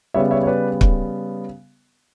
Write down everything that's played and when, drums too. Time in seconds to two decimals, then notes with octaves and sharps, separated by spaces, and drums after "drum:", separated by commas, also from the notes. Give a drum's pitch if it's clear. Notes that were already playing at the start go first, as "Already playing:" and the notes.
0.14 C#3 G3 B3 C#5 E5
0.31 C#5 E5
0.43 C#5
0.47 B4 D5
0.81 drum: kick